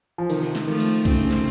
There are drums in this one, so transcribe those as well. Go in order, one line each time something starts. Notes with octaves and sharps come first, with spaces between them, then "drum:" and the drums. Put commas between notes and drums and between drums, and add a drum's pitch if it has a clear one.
F3
C3 D#3, drum: cymbal
drum: snare
D#3 F3 A3
drum: cymbal
C#3 A3 C4, drum: kick B1, cymbal
C3
C#3
drum: snare